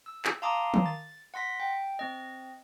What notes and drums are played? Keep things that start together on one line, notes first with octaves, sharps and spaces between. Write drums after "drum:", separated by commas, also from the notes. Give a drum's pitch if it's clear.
E6
drum: clap
F5 A5 A#5 C6 D6 D#6
drum: tom D#3
A6
F#5 C6 A#6 B6
G5
C4 D#5